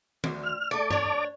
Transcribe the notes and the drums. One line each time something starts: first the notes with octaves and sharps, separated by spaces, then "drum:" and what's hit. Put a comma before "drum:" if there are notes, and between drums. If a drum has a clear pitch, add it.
D2, drum: tom
F6
A3 A4 D5 A5 D6
D4 C#5, drum: tom G2